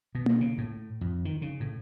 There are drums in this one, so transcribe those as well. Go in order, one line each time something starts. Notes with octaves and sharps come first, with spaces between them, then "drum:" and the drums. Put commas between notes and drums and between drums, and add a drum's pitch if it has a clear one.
B2
drum: tom A#3
C#3
A2
F2
D#3
C#3
A2